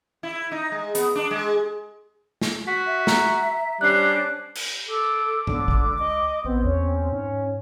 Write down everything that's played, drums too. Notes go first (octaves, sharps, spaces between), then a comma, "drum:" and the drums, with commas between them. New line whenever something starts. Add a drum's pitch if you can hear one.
E4
D#4
G#3
B3, drum: hi-hat
D4
G#3
drum: snare
F#4 B6
E5
A#5, drum: snare
G3 C#4 D4 C5 F#6 C7
drum: cymbal
A4 D6
C#2 D3, drum: tom G#2
drum: kick G#1
D#5
A1 B3 C4
E2 C#4
G#2 C#4